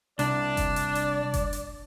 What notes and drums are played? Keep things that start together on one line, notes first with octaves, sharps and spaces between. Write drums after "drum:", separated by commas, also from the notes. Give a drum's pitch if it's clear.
C2 D4 D5, drum: hi-hat
drum: kick F#1, hi-hat
drum: hi-hat
drum: hi-hat
drum: kick F#1, hi-hat
drum: hi-hat